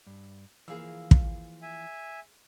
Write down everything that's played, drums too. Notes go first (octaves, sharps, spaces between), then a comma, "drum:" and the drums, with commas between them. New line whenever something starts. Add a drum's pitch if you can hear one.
G2
E3 F3 A#3 G#4 F5 E6
drum: kick
E5 G#5